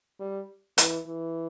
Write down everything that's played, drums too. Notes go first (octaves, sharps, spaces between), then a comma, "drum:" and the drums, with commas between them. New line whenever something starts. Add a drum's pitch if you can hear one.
G3
E3, drum: hi-hat
E3